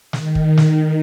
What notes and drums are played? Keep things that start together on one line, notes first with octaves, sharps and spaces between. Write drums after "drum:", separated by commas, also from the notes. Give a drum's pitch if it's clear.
D#3, drum: snare
drum: kick
drum: snare